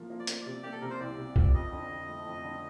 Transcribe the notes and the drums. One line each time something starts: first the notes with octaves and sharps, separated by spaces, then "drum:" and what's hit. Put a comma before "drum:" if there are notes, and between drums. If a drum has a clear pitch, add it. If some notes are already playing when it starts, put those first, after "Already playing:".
Already playing: A2 F3 A#3
A#3
D5
A#3, drum: hi-hat
C3 D5
A#3 G4
A4
C3 A#4
C5
C2 D5
C3
F3, drum: kick C2
F2 D#5
D3
F2
A3
F2
D3